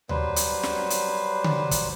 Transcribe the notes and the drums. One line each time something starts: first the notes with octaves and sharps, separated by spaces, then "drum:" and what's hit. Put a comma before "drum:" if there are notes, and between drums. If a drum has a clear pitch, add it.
F#3 G3 B4 C5, drum: tom D2
drum: hi-hat
drum: snare
drum: hi-hat
drum: tom C#3
drum: kick, hi-hat